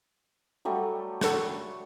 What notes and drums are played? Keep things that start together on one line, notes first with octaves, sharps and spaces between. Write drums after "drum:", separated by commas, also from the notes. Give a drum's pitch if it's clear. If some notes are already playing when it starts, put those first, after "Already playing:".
F#3 G3 A3
A4 F#5 C#6, drum: snare